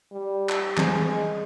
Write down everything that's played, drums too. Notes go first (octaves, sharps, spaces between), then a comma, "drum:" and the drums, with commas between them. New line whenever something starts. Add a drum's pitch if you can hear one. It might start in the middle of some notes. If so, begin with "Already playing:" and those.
G3
drum: clap
E3 G3 G#3 C4, drum: clap